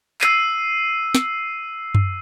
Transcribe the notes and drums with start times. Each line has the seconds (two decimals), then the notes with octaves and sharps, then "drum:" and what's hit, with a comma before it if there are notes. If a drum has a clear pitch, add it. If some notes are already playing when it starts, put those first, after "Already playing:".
0.21 E6 C7 D#7, drum: clap
1.15 drum: snare
1.95 drum: tom F#2